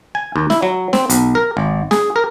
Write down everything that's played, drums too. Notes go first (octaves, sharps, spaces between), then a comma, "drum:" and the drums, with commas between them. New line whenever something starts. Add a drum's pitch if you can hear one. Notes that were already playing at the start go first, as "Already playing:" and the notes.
G#5
D#2
E4, drum: snare
F#3
C4, drum: snare
B1, drum: hi-hat
A#4
G#1
G#4, drum: snare
A#4